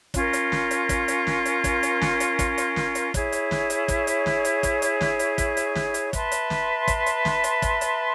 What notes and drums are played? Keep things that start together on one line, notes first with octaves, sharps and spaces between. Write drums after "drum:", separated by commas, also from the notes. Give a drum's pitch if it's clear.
C#4 F4 A#4, drum: kick, hi-hat
drum: hi-hat
drum: snare
drum: hi-hat
drum: kick, hi-hat
drum: hi-hat
drum: snare
drum: hi-hat
drum: kick, hi-hat
drum: hi-hat
drum: snare
drum: hi-hat
drum: kick, hi-hat
drum: hi-hat
drum: snare
drum: hi-hat
E4 G#4 C#5, drum: kick, hi-hat
drum: hi-hat
drum: snare
drum: hi-hat
drum: kick, hi-hat
drum: hi-hat
drum: snare
drum: hi-hat
drum: kick, hi-hat
drum: hi-hat
drum: snare
drum: hi-hat
drum: kick, hi-hat
drum: hi-hat
drum: snare
drum: hi-hat
B4 E5 A5 C6, drum: kick, hi-hat
drum: hi-hat
drum: snare
drum: kick, hi-hat
drum: hi-hat
drum: snare
drum: hi-hat
drum: kick, hi-hat
drum: hi-hat